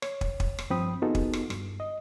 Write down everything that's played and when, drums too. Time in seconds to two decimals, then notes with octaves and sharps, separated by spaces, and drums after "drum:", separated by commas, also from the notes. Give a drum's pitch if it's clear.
0.02 C#5, drum: rim click
0.21 drum: kick
0.40 drum: kick
0.59 drum: rim click
0.70 G2 F3 C4 G5 B5 D#6
1.02 B3 D#4 F4 F#4 G#4 A4
1.15 drum: kick
1.33 drum: rim click
1.50 G2, drum: rim click
1.80 D#5